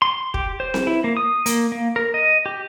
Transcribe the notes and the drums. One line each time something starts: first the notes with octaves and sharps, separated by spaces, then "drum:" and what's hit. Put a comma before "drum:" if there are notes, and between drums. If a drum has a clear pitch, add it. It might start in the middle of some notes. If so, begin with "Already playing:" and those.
C6
G4, drum: kick
C5
drum: snare C4
E4
A#3
D#6
A#3, drum: hi-hat
A#3
A#4
D#5
G4